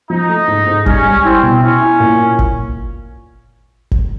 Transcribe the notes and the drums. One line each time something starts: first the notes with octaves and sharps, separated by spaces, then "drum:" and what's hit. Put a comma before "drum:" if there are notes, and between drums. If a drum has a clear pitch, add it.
F3 D#4
A3
G#2
G#2
G3 C#4, drum: kick G1
G3
C4 E4
B2
C#4 E4
E4
A#2
drum: kick G1
drum: kick G1